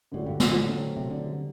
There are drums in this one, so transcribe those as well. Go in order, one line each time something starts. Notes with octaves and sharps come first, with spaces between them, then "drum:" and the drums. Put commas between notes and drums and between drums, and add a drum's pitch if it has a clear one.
A2 D3 G3 D4 F#4 A4
G2
drum: snare
A2
F#3 A3 C4
C3
D3
G3 D4 A4